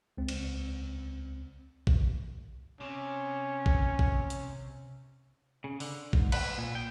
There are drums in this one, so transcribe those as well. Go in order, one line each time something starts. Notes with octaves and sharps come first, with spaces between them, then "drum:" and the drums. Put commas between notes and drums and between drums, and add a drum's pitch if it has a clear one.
C#2 C4
drum: cymbal
drum: kick A1
C3 C#4
drum: kick A1
drum: kick A1
drum: hi-hat
C#3
D3, drum: open hi-hat
G#2, drum: kick A1
B4, drum: cymbal
A#2
G5